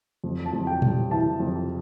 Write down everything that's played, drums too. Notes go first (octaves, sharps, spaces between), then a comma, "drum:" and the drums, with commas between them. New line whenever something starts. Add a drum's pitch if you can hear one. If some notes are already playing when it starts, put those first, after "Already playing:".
F2
A5
F2
G5
G3, drum: tom A#2
E3 A5
F2